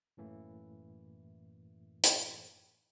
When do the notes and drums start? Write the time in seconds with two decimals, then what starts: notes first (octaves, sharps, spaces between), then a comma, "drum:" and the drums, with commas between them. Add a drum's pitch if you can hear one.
0.17 F#2 A2 E3 A3 A#3
2.03 drum: hi-hat